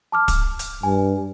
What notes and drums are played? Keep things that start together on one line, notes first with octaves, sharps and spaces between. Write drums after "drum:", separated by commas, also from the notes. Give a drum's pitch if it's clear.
A5 D6 F6
drum: kick, hi-hat
drum: hi-hat
G2 G#5